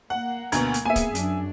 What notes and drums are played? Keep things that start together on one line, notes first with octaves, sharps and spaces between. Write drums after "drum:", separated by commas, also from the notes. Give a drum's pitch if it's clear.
A#3 F#5
D2 B2 A#5 G#6, drum: hi-hat
drum: hi-hat
A#3 B3 G#4 E5 G#5 D#7
drum: kick, hi-hat
F#2 D4, drum: hi-hat